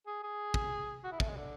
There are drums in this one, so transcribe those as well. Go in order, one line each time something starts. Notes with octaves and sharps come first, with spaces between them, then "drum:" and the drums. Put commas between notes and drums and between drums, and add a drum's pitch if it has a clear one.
G#4
G#4
drum: kick
F#4
E4
A3, drum: kick
G#3
D3